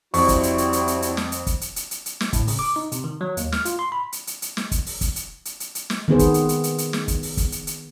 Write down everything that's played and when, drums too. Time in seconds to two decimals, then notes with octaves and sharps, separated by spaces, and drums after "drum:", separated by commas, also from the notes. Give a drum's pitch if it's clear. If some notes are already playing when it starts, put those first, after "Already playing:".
0.14 F2 G3 C4 E4 F#4 C#6, drum: open hi-hat
0.28 drum: kick, hi-hat
0.43 drum: hi-hat
0.58 drum: hi-hat
0.73 drum: hi-hat
0.88 drum: hi-hat
1.02 drum: hi-hat
1.17 drum: snare
1.32 drum: hi-hat
1.47 drum: kick, hi-hat
1.61 drum: hi-hat
1.76 drum: hi-hat
1.91 drum: hi-hat
2.06 drum: hi-hat
2.20 drum: snare
2.33 A2, drum: kick, hi-hat
2.48 C#3, drum: open hi-hat
2.59 D6
2.76 D#4
2.92 C3, drum: hi-hat
3.04 D#3
3.21 F#3
3.37 D#2, drum: hi-hat
3.52 F6, drum: snare
3.65 F4, drum: hi-hat
3.79 C6
3.92 B5
4.12 drum: hi-hat
4.27 drum: hi-hat
4.42 drum: hi-hat
4.57 drum: snare
4.72 drum: kick, hi-hat
4.86 drum: open hi-hat
5.01 drum: kick, hi-hat
5.16 drum: hi-hat
5.45 drum: hi-hat
5.60 drum: hi-hat
5.75 drum: hi-hat
5.90 drum: snare
6.08 D#3 B3 G#4 C5
6.19 drum: kick, hi-hat
6.34 drum: hi-hat
6.49 drum: hi-hat
6.64 drum: hi-hat
6.78 drum: hi-hat
6.93 drum: snare
7.08 drum: kick, hi-hat
7.23 drum: open hi-hat
7.37 drum: kick, hi-hat
7.52 drum: hi-hat
7.67 drum: hi-hat